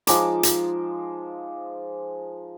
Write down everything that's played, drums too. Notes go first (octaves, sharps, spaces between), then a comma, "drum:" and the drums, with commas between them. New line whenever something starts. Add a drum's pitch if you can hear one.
F3 G#3 D#4 D6, drum: hi-hat
drum: hi-hat